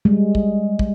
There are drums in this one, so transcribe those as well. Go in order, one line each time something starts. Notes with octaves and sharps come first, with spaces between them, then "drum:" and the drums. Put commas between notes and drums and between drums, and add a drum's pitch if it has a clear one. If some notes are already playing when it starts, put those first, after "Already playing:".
G3 G#3
drum: kick
drum: kick